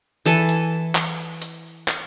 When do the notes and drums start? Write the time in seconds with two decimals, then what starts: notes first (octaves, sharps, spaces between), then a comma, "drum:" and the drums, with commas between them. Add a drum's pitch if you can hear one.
0.26 E3 A4 G#5 A5
0.49 drum: hi-hat
0.95 drum: clap
1.42 drum: hi-hat
1.88 drum: clap